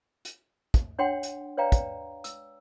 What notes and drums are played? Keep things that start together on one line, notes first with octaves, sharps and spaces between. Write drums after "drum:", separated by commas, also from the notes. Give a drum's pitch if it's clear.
drum: hi-hat
drum: kick, hi-hat
D4 C#5 F#5 G5 C6
drum: hi-hat
B4 C#5 D5 F5 G5 A#5
drum: kick, hi-hat
E6, drum: hi-hat